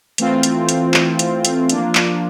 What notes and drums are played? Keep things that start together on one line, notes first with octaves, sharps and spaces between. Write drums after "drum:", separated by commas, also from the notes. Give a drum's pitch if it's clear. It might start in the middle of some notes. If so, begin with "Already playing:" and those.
E3 A3 C4 F4, drum: hi-hat
drum: hi-hat
drum: hi-hat
drum: clap
drum: hi-hat
drum: hi-hat
F3 A#3 D4 F4, drum: hi-hat
drum: clap